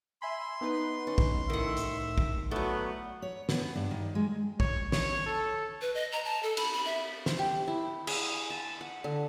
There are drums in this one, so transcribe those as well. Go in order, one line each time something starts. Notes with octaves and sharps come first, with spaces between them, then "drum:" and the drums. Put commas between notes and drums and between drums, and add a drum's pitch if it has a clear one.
E5 G#5 B5 C6
B3 D#4 B4
C#4
drum: kick A#1
C2 A2 D#3 E5 F#5
drum: hi-hat
drum: kick A#1
F#3 A3 B3 D5
C#5
B3, drum: snare
G2
D#3
G#3
C#5, drum: kick A#1
C#5, drum: snare
A4
B4
D#5
A#5
A5
A4
B5, drum: cymbal
B5
E5
C5, drum: snare
G4
E4
G#4, drum: cymbal
A5
F#5
D3